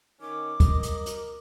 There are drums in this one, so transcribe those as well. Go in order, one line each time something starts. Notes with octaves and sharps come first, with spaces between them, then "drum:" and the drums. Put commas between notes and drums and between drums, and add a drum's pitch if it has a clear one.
D#3 C#4 D6
A#4 D#5, drum: kick, hi-hat
drum: hi-hat
drum: hi-hat